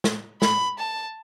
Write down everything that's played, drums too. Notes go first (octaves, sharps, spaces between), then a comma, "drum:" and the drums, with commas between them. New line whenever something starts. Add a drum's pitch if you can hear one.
drum: snare
B5, drum: snare
A5